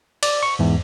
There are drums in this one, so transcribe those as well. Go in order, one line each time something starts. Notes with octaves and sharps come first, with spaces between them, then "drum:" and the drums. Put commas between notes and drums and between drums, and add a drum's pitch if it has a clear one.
D5, drum: cymbal
C#6
E2 G#2